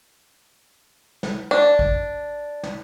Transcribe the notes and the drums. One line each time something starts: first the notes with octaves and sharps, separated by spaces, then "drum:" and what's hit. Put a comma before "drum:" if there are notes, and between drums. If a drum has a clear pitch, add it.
drum: snare
D4
drum: kick A1
drum: snare